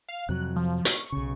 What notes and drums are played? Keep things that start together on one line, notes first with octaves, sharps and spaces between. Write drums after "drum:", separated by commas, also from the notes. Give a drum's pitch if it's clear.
F5
F2 C3 F#3 F#6
F3
C#6, drum: hi-hat
B1 C#3